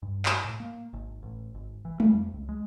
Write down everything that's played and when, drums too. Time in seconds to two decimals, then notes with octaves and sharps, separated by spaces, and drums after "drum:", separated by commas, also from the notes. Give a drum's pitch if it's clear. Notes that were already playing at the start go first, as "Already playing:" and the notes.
0.02 G2
0.26 drum: clap
0.44 A2
0.60 A#3
0.93 G#1
1.23 A1
1.55 G#1
1.85 E3
2.00 G3, drum: tom G#3
2.13 F2
2.34 C#2
2.49 G#3